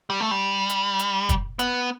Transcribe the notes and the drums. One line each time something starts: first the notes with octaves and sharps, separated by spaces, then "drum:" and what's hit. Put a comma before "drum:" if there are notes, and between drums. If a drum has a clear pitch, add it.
G3
A3
G3
drum: hi-hat
drum: hi-hat
drum: kick, hi-hat
B3, drum: hi-hat